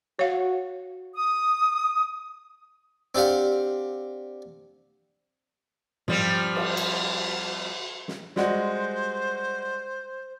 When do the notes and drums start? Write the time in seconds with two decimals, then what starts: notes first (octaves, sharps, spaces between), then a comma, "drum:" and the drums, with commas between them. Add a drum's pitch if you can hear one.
0.19 F#4 C#5 F5
1.13 D#6
3.15 C4 D4 G4 F5 F#5
6.08 F3 G3 C4, drum: tom
6.56 drum: cymbal
6.77 drum: cymbal
8.08 drum: snare
8.36 G3 G#3 F#4 C5, drum: snare